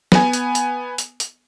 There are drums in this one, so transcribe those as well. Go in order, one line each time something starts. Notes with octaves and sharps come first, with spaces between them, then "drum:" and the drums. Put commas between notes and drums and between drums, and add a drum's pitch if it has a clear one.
B3 G#5, drum: snare
drum: hi-hat
drum: hi-hat
drum: hi-hat
drum: hi-hat